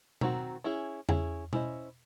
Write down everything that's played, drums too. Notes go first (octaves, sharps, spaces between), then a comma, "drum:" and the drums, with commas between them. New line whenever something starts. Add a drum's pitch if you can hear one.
D#3 F#3 C4 F#4, drum: tom B2
C#4 E4 G#4
C#4 E4 G#4, drum: tom E2
C#4 E4 C5 D#5, drum: tom B2